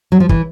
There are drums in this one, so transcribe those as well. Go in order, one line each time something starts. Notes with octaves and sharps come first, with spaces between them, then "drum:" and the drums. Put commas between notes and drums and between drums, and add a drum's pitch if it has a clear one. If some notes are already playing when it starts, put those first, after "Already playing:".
F#3
F3
E3, drum: kick